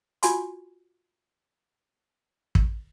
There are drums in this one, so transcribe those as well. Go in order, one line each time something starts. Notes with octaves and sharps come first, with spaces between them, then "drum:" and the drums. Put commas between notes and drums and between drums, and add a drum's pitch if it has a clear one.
F4 F#4 G#5 B5 C6, drum: hi-hat
drum: kick